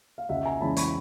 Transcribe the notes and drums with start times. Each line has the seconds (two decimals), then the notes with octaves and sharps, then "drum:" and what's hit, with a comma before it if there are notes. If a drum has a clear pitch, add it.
0.18 F5
0.29 C#2 E5 F#5
0.45 G#5 A#5
0.61 C#3 E3 G#3 A5 B5
0.77 B5 C#6, drum: hi-hat